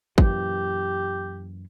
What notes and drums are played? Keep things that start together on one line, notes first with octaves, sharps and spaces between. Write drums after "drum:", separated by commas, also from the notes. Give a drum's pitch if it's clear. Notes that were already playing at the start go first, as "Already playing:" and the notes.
F#2 A#2 E3 G4, drum: kick